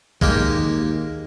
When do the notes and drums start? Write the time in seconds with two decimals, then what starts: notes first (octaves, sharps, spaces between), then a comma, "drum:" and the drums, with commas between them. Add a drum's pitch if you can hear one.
0.21 D#2 G#3 A#3 G4, drum: kick